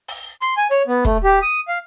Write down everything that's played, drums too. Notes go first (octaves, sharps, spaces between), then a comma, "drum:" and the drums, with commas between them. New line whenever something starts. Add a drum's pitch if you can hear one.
drum: open hi-hat
C6, drum: hi-hat
G#5
C#5, drum: hi-hat
B3
A3, drum: kick, hi-hat
G4
D#6
F5